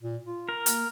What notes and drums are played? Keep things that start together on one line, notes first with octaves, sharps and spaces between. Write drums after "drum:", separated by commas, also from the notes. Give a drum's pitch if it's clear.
A#2
F4
A#4
A#3, drum: hi-hat